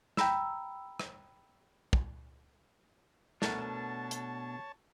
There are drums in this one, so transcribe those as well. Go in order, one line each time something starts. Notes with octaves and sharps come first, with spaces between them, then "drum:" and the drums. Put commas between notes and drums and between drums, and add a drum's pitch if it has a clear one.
G5 A#5 B5 E6, drum: snare
drum: rim click
drum: kick
B2 A3 D4 A#4 C#5 F#5 A5, drum: snare
drum: hi-hat